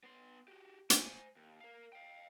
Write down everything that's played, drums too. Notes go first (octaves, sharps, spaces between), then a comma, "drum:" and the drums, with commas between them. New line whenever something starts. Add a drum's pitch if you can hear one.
B3 C6
F#4 G4
C5 G#5, drum: hi-hat
D#2
A#4 F5
F5 G5